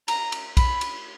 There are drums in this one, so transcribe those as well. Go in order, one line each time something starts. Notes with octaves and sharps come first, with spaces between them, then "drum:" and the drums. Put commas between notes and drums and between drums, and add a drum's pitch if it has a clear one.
A#5, drum: cymbal
drum: cymbal
B5, drum: kick, cymbal
drum: cymbal